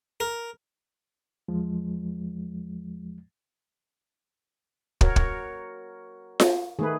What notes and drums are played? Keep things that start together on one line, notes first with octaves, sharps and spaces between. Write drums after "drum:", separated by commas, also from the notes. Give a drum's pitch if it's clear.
A#4
E2 F3 G#3
F#4 A#4 C#5, drum: kick
drum: kick
drum: snare F4
D#3 A3 G#4 B4